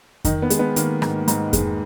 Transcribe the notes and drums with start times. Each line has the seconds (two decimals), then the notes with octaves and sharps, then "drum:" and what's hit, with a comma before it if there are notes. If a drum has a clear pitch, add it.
0.25 D#3 D#4, drum: kick F2, hi-hat
0.42 B3
0.50 G#3, drum: hi-hat
0.59 B3
0.76 D#3 A#3, drum: hi-hat
1.02 G#2, drum: rim click
1.28 G#2, drum: hi-hat
1.53 G#3, drum: kick F2, hi-hat